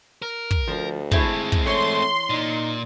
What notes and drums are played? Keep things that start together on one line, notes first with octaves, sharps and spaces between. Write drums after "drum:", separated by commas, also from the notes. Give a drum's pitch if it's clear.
A#4
drum: kick
D2 F3
G#3 A3 C4 E4 G#4, drum: kick
drum: kick
E3 A3 C#5 C6
A#2 D#4